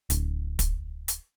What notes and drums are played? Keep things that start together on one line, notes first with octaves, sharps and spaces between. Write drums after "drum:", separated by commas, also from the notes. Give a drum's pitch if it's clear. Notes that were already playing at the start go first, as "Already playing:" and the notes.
D1, drum: hi-hat
drum: kick, hi-hat
drum: hi-hat